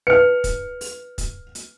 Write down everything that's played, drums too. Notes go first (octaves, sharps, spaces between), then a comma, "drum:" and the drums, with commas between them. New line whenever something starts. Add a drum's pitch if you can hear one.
D#4 B4 F6 C#7
drum: kick, hi-hat
drum: open hi-hat
drum: kick, hi-hat
drum: hi-hat